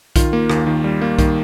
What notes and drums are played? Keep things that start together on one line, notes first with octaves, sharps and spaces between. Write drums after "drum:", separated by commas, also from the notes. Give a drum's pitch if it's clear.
D#3 F4, drum: kick B1, hi-hat
A#3
D#2, drum: rim click
D#3
G3
A#3
D#3, drum: kick B1, hi-hat